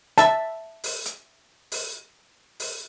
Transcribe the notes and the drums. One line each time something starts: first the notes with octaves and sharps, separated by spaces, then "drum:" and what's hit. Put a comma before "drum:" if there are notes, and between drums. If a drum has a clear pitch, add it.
E5 A5 B5, drum: hi-hat
drum: open hi-hat
drum: hi-hat
drum: open hi-hat
drum: open hi-hat